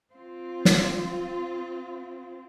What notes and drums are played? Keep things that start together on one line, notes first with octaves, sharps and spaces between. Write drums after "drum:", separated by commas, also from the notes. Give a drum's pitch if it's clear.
C4 F4
drum: snare